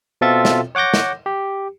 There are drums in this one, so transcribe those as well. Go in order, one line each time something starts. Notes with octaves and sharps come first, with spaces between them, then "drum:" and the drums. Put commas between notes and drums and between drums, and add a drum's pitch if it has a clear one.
B2 C4 F4 A4 E5 A6
drum: snare
C#5 F#5 D6 G6 A#6
drum: snare
G4